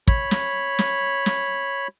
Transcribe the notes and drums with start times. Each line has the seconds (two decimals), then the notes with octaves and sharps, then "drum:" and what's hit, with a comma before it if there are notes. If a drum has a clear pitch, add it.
0.08 C#5 B5, drum: kick
0.31 drum: snare
0.79 drum: snare
1.26 drum: snare